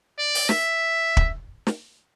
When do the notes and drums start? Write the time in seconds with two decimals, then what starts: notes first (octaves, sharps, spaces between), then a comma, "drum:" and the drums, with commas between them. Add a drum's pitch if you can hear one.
0.19 D5
0.35 drum: open hi-hat
0.49 E5, drum: snare
1.17 drum: kick
1.67 drum: snare